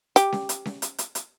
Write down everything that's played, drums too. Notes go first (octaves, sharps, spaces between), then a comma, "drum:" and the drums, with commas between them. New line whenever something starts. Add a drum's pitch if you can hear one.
G4, drum: hi-hat
drum: snare C#4
drum: hi-hat
drum: snare C#4
drum: hi-hat
drum: hi-hat
drum: hi-hat